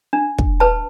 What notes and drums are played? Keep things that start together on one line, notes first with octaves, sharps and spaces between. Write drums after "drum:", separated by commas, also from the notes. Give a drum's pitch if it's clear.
D4
drum: kick
B4 A5